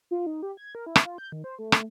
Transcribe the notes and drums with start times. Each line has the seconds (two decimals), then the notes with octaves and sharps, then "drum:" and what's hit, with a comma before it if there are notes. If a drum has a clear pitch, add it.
0.11 F4
0.26 D#4
0.43 G4
0.57 G#6
0.75 A#4
0.86 E4
0.96 drum: rim click
1.05 F4
1.18 G6
1.32 D#3
1.44 C5
1.59 A3
1.72 drum: rim click